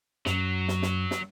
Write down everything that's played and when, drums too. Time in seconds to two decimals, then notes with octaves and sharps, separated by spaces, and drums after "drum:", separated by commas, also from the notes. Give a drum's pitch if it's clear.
0.26 F#2 F#3, drum: snare
0.68 drum: snare
0.83 drum: snare
1.11 drum: snare